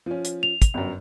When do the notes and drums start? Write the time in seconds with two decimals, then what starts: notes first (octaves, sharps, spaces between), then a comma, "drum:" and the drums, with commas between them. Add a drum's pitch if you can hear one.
0.06 F3 C#4
0.25 drum: hi-hat
0.43 F7
0.62 drum: kick, hi-hat
0.74 G1 F#2